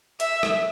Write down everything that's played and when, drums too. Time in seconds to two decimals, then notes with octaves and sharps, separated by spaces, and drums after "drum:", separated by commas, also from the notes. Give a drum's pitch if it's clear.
0.20 E5, drum: hi-hat
0.43 drum: rim click